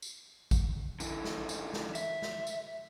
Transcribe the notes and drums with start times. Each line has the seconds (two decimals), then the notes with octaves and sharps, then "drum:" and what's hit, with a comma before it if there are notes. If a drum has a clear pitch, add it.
0.02 drum: tambourine
0.51 drum: kick G#1, tambourine
1.00 D3 E3, drum: tambourine
1.25 drum: snare
1.49 drum: tambourine
1.73 drum: snare
1.95 E5, drum: tambourine
2.22 drum: snare
2.47 drum: tambourine